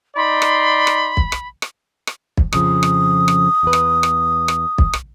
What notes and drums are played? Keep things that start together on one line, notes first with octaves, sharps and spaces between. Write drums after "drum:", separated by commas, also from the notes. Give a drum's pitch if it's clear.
D#4 D5 B5 C6
drum: rim click
drum: rim click
drum: kick
drum: rim click
drum: rim click
drum: rim click
drum: kick
F2 C#3 F3 D#6, drum: rim click
drum: rim click
drum: rim click
E2 B4
drum: rim click
drum: rim click
drum: rim click
drum: kick
drum: rim click